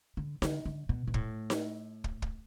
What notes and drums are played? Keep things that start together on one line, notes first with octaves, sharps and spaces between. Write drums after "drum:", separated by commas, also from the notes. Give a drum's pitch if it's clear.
D3
D3, drum: snare D#4
D3
B2
B2
A2, drum: kick
drum: snare D#4
drum: kick
drum: kick